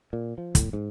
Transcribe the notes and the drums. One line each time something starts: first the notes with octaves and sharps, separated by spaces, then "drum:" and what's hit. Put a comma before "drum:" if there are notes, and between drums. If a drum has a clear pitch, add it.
A#2
F3
A2, drum: kick, hi-hat
G#2